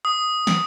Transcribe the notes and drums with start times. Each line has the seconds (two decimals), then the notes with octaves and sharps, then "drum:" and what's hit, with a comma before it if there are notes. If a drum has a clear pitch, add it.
0.05 D#6
0.47 drum: snare